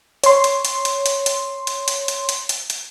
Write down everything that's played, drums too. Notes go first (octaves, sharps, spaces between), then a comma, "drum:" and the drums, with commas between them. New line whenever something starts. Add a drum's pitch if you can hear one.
C#5 C6, drum: hi-hat
drum: hi-hat
drum: hi-hat
drum: hi-hat
drum: hi-hat
drum: hi-hat
drum: hi-hat
drum: hi-hat
drum: hi-hat
drum: hi-hat
drum: hi-hat
drum: hi-hat